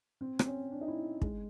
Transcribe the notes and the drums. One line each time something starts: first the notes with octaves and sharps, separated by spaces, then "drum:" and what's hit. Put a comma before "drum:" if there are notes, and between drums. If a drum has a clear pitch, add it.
C4
C4, drum: rim click
C#4
D4
D#4
E4
G#3, drum: kick